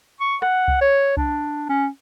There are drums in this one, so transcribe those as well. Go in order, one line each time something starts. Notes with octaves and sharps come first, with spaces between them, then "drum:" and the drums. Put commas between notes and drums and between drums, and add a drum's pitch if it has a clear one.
C#6
F#5, drum: rim click
drum: kick C2
C#5
D4, drum: kick C2
C#4